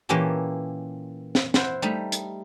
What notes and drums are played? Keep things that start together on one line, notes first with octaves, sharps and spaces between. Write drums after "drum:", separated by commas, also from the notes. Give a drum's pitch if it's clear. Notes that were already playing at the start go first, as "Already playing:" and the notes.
A#2 E3 A#3 C#4 G4 A4
drum: snare
E4 C5 F#5, drum: snare
G3 A3 D#4
drum: hi-hat